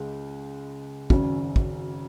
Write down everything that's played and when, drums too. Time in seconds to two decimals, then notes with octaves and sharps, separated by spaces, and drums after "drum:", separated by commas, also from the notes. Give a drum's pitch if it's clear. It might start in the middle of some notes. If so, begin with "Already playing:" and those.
Already playing: C#2 G#3
1.10 G#1 F#2 C#3, drum: kick
1.56 drum: kick